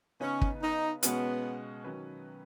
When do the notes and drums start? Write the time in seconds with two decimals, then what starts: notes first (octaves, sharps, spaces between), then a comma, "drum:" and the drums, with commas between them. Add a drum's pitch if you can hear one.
0.20 C#3 B3 C#4 D#4 B4
0.41 drum: kick
0.62 D#4
1.03 B2 G#3 B3 C#4 F#4, drum: hi-hat
1.84 D#3 F#3 C#4 B4